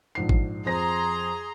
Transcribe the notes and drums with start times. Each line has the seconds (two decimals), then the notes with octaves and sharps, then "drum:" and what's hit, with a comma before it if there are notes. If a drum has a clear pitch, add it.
0.15 A#1 G#2 C7
0.29 drum: kick G#1
0.66 F2 G#4 C5 A#5 C6 A#6